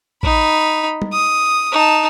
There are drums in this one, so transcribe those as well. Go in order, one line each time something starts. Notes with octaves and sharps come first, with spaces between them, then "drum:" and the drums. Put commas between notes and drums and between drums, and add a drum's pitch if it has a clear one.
D#4 B5, drum: kick A1
drum: tom
D#6
D#4 A5